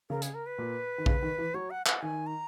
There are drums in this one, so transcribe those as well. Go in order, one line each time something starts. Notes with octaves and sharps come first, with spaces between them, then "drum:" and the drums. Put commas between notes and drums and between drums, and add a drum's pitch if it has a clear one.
C#3 A#4
G#4, drum: hi-hat
A#4
B4
A#2
D#3
C#3, drum: kick A#1
D#3
E3
F#3 C#5
F#5
F#5, drum: clap
D#3 G#5
A#5